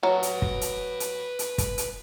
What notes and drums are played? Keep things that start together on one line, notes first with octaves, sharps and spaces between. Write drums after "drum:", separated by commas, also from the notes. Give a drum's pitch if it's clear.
F#3 B4 A5
drum: hi-hat
drum: kick
drum: hi-hat
drum: hi-hat
drum: hi-hat
drum: kick, hi-hat
drum: hi-hat